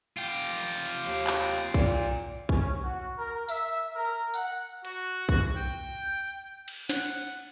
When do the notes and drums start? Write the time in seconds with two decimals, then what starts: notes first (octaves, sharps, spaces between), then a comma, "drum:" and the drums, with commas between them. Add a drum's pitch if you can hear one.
0.17 F4 G4
0.85 drum: hi-hat
1.06 D#2
1.27 drum: clap
1.74 A#2, drum: kick
2.49 C#4, drum: kick
2.83 F#4
3.18 A#4
3.49 E5, drum: tambourine
3.94 A#4
4.34 F#5, drum: tambourine
4.85 F#4, drum: hi-hat
5.29 drum: kick
5.56 G5
6.68 drum: cymbal
6.89 F#5, drum: snare